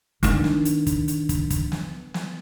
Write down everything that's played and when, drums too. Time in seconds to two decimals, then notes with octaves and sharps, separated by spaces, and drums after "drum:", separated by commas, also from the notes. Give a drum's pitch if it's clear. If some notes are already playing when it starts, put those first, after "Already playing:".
0.23 D#3 D4, drum: hi-hat
0.44 drum: snare
0.65 drum: hi-hat
0.87 drum: kick, hi-hat
1.08 drum: hi-hat
1.29 drum: kick, hi-hat
1.50 drum: kick, hi-hat
1.72 drum: snare
2.14 drum: snare